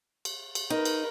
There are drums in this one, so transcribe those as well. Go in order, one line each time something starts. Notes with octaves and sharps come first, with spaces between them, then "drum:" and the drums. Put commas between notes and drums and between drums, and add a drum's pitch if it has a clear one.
drum: cymbal
drum: cymbal
D#4 A#4 B4
drum: cymbal